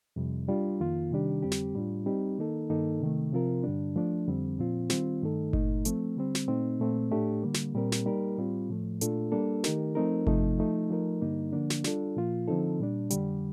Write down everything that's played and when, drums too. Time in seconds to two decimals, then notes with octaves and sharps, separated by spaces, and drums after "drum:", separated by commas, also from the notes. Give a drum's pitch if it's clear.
0.16 F2 C3 G3
0.48 G3 D4 F4
0.80 F2 D#3 A#3 F4
1.11 C3 D#3 G3 D4 G4
1.42 F2 D3 G3 C4 G4
1.52 drum: snare
1.75 A2 G3 D4 F4
2.06 G3 C4 D#4 G4
2.38 D#3 A#3 D#4 A4
2.69 G2 D#3 A#3 D#4 A4
3.01 C3 D#3 A3
3.33 C3 F3 C4 F4 A#4
3.64 G2 D3 G3 D4
3.96 F3 A3 D4
4.28 F2 D3 G3 C4
4.59 A#2 F3 C4 F4
4.90 D#3 G3 C4 F4, drum: snare
5.22 G2 D#3 A3 D#4 A4
5.53 A#2 A3 D#4, drum: kick G1
5.85 F3 A3 C4, drum: hi-hat
6.17 D3 G3 C4
6.35 drum: snare
6.48 A#2 A3 C4 D#4
6.80 A#2 A3 C4
7.11 A2 A3 D4 G4
7.43 D3 G3 A#3
7.54 drum: snare
7.75 A#2 G3 C4 G4 A#4
7.92 drum: snare
8.06 G3 A#3 D#4 G4 A#4
8.38 A2 G3 C4 F4
8.69 A2 F3 A3
9.01 A#2 A3 D4 F4 A4, drum: hi-hat
9.32 G3 A#3 D4 A4
9.64 D#3 A3 D#4 G4 A#4, drum: snare
9.95 F3 A3 C4 D#4 A#4
10.27 F2 C3 F3 A3 D#4, drum: kick G1
10.58 F3 A3 D#4
10.90 F3 A3 D#4 A#4
11.22 G2 D3 G3 A#3 D#4
11.53 D3 F3 A#3 D4
11.70 drum: snare
11.84 G3 D4 F4 A4, drum: snare
12.16 A#2 F3 A#3 F4
12.48 D3 F3 C4 D#4 A4
12.80 A#2 G3 D4
13.10 F2 D3 G3, drum: hi-hat